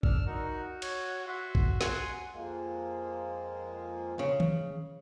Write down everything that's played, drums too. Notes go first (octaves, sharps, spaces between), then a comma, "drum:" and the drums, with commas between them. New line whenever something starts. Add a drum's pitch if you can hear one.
D4 E6 F6, drum: kick
D#4 F#4 A#4 F#5
C#5, drum: cymbal
F#4 E5 C6
drum: kick
F#5 G#5 C6, drum: snare
F2 G#3 A#3
C#3
drum: tom D#3